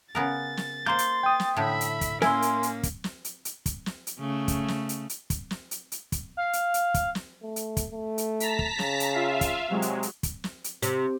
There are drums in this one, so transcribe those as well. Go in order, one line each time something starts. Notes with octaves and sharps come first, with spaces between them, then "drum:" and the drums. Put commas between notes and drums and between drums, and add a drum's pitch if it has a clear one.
C#3 B3 A#4 A6
drum: snare
A#3 C5 C6 G6
drum: hi-hat
G5 D#6
drum: snare
A2 D3 E5 B5
drum: hi-hat
drum: kick, hi-hat
A#3 C#4 E4 A#4 G#5 C6, drum: snare
drum: hi-hat
drum: hi-hat
drum: kick, hi-hat
drum: snare
drum: hi-hat
drum: hi-hat
drum: kick, hi-hat
drum: snare
drum: hi-hat
C#3 A3
drum: kick, hi-hat
drum: snare
drum: hi-hat
drum: hi-hat
drum: kick, hi-hat
drum: snare
drum: hi-hat
drum: hi-hat
drum: kick, hi-hat
F5
drum: hi-hat
drum: hi-hat
drum: kick, hi-hat
drum: snare
A3
drum: hi-hat
drum: kick, hi-hat
A3
drum: hi-hat
A5 A#5 B6, drum: hi-hat
drum: kick
C#3, drum: snare
drum: hi-hat
F4 E5 F5
drum: kick, hi-hat
C3 F#3 G#3
drum: hi-hat
drum: hi-hat
drum: kick, hi-hat
drum: snare
drum: hi-hat
C3, drum: hi-hat